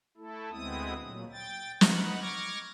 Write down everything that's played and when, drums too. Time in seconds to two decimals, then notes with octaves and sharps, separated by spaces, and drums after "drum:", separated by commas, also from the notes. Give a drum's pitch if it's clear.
0.17 A3 E4 A4
0.51 D2 G#3 B3 C4 E4 D#6
1.03 A#2 F#3
1.32 G5 A6
1.81 D#4 B4 F#5, drum: snare
2.20 C#6 D6 F6 G#6 A#6